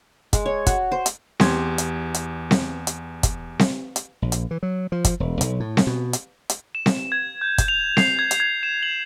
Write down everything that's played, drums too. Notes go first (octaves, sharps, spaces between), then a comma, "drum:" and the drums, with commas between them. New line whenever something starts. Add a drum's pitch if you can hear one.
G#3, drum: kick, hi-hat
C#5
F#4, drum: kick, hi-hat
C5
drum: hi-hat
E2 G4 C6 G#6, drum: snare C4
drum: hi-hat
drum: hi-hat
drum: snare C4
drum: hi-hat
drum: kick, hi-hat
drum: snare C4
drum: hi-hat
A#1
drum: hi-hat
E3
F#3
F3
drum: kick, hi-hat
E1
B1, drum: hi-hat
A2
drum: snare C4
B2
drum: hi-hat
drum: hi-hat
E7
drum: snare C4
G#6
G6
drum: kick, hi-hat
F7
C7, drum: snare C4
G#6
drum: hi-hat
G#6
E7
F#7